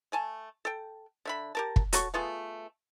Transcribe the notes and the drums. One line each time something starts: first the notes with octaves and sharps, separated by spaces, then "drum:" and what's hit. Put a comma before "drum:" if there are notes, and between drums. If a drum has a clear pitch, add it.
A3 G#5 A5
A4 G5
D3 E5 B5
G4 A#4 A5
drum: kick
F#4 A4 C#5 C#6, drum: hi-hat
A3 B3 F4 G#4